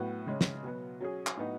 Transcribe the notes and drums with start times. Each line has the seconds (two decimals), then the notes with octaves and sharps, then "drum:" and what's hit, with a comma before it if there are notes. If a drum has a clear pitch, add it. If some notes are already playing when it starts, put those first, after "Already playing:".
Already playing: A2 F#3 B3 F#4
0.26 C#3 G#3 C#4
0.41 drum: snare
0.63 B2 F#3 B3
1.00 F#3 C#4 G#4
1.27 drum: clap
1.37 A2 F#3 B3 D#4 F#4